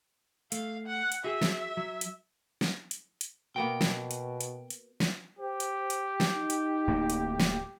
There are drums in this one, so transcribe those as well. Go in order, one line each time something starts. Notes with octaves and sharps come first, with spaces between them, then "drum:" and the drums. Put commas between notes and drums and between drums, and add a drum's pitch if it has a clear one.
A3 F5, drum: hi-hat
F#5
drum: hi-hat
F#4 G#4 E5
drum: snare
F#3
drum: hi-hat
drum: snare
drum: hi-hat
drum: hi-hat
B2 A#3 B3 F#4 G5
drum: snare
drum: hi-hat
drum: hi-hat
drum: hi-hat
drum: snare
G4 C5
drum: hi-hat
drum: hi-hat
drum: snare
D#4
drum: hi-hat
D1 A2 A#3
drum: hi-hat
drum: snare